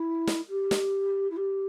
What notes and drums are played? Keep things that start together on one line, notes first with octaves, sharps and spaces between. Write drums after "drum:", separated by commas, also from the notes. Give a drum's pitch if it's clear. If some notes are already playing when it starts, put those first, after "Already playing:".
Already playing: E4
drum: snare
G4
drum: snare
E4
G4